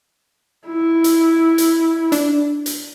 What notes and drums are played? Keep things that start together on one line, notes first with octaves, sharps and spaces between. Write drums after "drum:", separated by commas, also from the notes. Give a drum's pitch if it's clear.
E4
drum: hi-hat
drum: hi-hat
D4, drum: hi-hat
drum: hi-hat